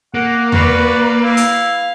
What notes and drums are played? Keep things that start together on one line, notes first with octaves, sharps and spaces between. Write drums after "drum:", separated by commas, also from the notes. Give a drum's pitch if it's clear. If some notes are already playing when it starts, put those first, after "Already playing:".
A#3 F#5
F#4 B4 D5, drum: tom E2
E4 F5
drum: hi-hat